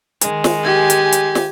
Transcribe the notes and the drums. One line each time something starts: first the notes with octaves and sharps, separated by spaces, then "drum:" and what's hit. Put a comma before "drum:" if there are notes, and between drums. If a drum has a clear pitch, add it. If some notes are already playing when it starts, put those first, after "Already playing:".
D#3 G#3, drum: hi-hat
drum: snare
G4 G#5
drum: hi-hat
drum: hi-hat
drum: snare